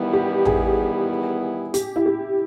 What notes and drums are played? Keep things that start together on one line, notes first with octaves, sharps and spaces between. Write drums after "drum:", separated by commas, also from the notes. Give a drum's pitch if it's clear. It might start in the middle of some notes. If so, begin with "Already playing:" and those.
Already playing: E2 D#3 G3 B3 E4
G4
G#4, drum: tom A1
G4, drum: hi-hat
E4
G4